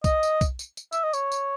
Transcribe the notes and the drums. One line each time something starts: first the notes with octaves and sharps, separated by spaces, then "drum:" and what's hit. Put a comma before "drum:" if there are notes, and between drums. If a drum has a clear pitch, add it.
D#5, drum: kick, tambourine
drum: tambourine
drum: kick, tambourine
drum: tambourine
drum: tambourine
E5, drum: tambourine
D#5
C#5, drum: tambourine
drum: tambourine